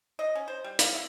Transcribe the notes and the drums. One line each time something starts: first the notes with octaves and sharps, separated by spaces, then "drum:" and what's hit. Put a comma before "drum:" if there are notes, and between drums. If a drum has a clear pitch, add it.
D#5
C#4
C5
G3
F5, drum: hi-hat
E4